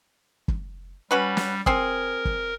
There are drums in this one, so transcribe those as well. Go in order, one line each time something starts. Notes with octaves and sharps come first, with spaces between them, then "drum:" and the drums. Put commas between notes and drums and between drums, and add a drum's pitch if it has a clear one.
drum: kick
G3 C#4 F#4 B4
drum: snare
C4 G#4 A#4, drum: kick
drum: kick